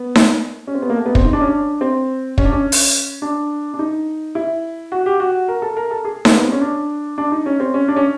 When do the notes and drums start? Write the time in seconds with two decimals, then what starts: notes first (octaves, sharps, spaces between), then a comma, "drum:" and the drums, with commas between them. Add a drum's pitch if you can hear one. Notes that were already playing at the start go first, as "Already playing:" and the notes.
Already playing: B3
0.15 drum: snare D#4
0.67 C#4
0.74 C4
0.82 B3
0.90 A#3
0.96 A3
1.06 B3
1.15 C4, drum: kick
1.25 D#4
1.33 D4
1.41 C#4
1.49 D4
1.81 C4
2.38 C#4, drum: kick
2.45 D4
2.53 C#4
2.72 drum: open hi-hat
3.22 D4
3.74 D4
3.79 D#4
4.35 E4
4.92 F#4
5.06 G4
5.20 F#4
5.48 A#4
5.62 A4
5.77 A#4
5.91 A4
6.05 G#4
6.25 A#3, drum: snare D#4
6.34 B3
6.43 C4
6.52 C#4
6.61 D4
7.18 D4
7.32 D#4
7.46 C#4
7.60 C4
7.74 C#4
7.88 D4
7.96 C#4